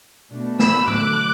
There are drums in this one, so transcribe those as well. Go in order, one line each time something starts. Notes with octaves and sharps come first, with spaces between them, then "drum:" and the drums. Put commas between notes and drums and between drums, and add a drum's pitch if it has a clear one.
B2 A3 D4
B5 E6, drum: snare
D3 F#3 A3 D6 F#6, drum: tom